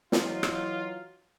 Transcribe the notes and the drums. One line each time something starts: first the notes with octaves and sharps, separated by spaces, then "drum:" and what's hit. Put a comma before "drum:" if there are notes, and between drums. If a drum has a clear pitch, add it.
E3 F#3 D#4 F4, drum: snare
drum: rim click